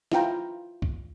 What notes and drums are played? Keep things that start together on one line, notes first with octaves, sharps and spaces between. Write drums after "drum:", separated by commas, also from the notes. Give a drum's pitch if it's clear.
E4 F4 G5 A#5, drum: snare
drum: kick C2